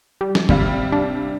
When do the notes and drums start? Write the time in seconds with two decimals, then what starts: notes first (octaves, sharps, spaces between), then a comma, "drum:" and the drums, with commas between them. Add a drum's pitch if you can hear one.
0.21 G3
0.35 drum: snare
0.49 G#1 C3 G3 F5, drum: kick
0.92 D4